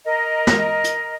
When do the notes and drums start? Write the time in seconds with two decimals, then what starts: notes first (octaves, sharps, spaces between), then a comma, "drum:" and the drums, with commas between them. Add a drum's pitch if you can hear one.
0.05 A#4 D#5
0.47 drum: snare
0.84 drum: hi-hat